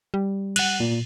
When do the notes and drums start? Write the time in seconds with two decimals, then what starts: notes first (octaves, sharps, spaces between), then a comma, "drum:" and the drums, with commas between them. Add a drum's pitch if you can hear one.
0.14 G3
0.56 F#5 F#6, drum: cymbal
0.80 A#2